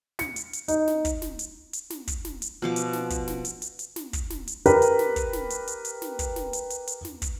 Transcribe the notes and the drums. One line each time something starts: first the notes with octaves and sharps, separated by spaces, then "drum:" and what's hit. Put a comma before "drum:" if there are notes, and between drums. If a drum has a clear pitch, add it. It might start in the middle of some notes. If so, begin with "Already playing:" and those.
C#7, drum: snare
drum: hi-hat
drum: hi-hat
D#4, drum: hi-hat
drum: snare
drum: kick, hi-hat
drum: snare
drum: hi-hat
drum: hi-hat
drum: snare
drum: kick, hi-hat
drum: snare
drum: hi-hat
B2 F3 D6
drum: hi-hat
drum: snare
drum: kick, hi-hat
drum: snare
drum: hi-hat
drum: hi-hat
drum: hi-hat
drum: snare
drum: kick, hi-hat
drum: snare
drum: hi-hat
G4 A#4 B4, drum: hi-hat
drum: hi-hat
drum: snare
drum: kick, hi-hat
drum: snare
drum: hi-hat
drum: hi-hat
drum: hi-hat
drum: snare
drum: kick, hi-hat
drum: snare
drum: hi-hat
drum: hi-hat
drum: hi-hat
drum: snare
drum: kick, hi-hat